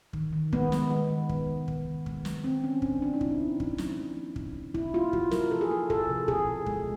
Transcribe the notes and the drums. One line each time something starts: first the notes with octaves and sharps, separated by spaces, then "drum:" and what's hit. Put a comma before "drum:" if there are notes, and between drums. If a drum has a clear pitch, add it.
D#3, drum: kick
D#3
G#3 B3, drum: kick
G#3, drum: snare
D#3 B3
D#3
G#3, drum: kick
G#3
D#3, drum: kick
D#3
G#3, drum: kick
G#3, drum: snare
D#3 C4
D#3 C#4
G#3 D4, drum: kick
G#3 D4
D#4
C3 E4, drum: kick
A#3
F3, drum: kick
C3, drum: snare
C3
A#3
F3, drum: kick
C3
C3 E4, drum: kick
A#3 F4
F3 F#4, drum: kick
C3 A#4, drum: snare
C3 A4
G#4
A#3 A4
F3 A4, drum: kick
C3
B2 G#4, drum: kick
B2
G#3, drum: kick